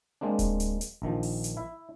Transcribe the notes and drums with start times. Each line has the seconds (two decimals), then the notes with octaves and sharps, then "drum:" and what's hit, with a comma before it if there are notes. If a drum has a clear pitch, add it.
0.21 G#3 A#3 C4 D4
0.39 drum: kick D1, hi-hat
0.60 drum: hi-hat
0.81 drum: hi-hat
1.02 A#1 D#3 F3
1.23 drum: open hi-hat
1.44 drum: hi-hat
1.57 E4 E5